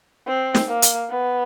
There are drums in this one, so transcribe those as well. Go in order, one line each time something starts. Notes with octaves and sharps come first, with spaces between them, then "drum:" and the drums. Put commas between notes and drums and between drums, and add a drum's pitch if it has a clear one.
C4
drum: snare
A#3
drum: hi-hat
B3